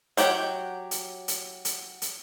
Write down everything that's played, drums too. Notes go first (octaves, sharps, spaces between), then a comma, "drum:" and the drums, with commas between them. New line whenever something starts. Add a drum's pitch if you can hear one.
F#3 G4 F#5 G5, drum: hi-hat
drum: hi-hat
drum: hi-hat
drum: hi-hat
drum: hi-hat